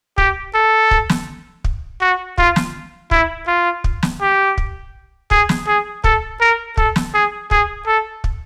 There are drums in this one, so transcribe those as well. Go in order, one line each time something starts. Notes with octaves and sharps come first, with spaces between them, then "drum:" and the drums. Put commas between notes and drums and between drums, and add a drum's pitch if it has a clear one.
G4, drum: kick
A4
drum: kick
drum: snare
drum: kick
F#4
F4, drum: kick
drum: snare
E4, drum: kick
F4
drum: kick
drum: snare
G4
drum: kick
G#4, drum: kick
drum: snare
G#4
A4, drum: kick
A#4
A4, drum: kick
drum: snare
G#4
G#4, drum: kick
A4
drum: kick